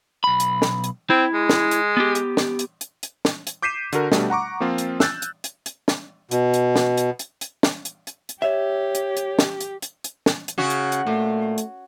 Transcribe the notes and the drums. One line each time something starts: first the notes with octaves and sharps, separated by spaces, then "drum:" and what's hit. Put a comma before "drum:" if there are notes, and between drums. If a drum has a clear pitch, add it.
B1 B5
drum: hi-hat
drum: snare
drum: hi-hat
C4 E4
G#3
drum: snare
drum: hi-hat
B3 G4
drum: hi-hat
drum: snare
drum: hi-hat
drum: hi-hat
drum: hi-hat
drum: snare
drum: hi-hat
D6 G6 B6 C7 D#7 E7
D3 F#4 A#4, drum: hi-hat
B2 G3 A3 D4, drum: snare
F#5 A#5 C#6 D6
F3 A#3 C4 F4
drum: hi-hat
E6 F#6 G6 A6, drum: snare
drum: hi-hat
drum: hi-hat
drum: hi-hat
drum: snare
B2, drum: hi-hat
drum: hi-hat
drum: snare
drum: hi-hat
drum: hi-hat
drum: hi-hat
drum: snare
drum: hi-hat
drum: hi-hat
drum: hi-hat
G4 C#5 E5
drum: hi-hat
drum: hi-hat
drum: snare
drum: hi-hat
drum: hi-hat
drum: hi-hat
drum: snare
drum: hi-hat
C#3 F#4
drum: hi-hat
drum: hi-hat
A#2 A3
drum: hi-hat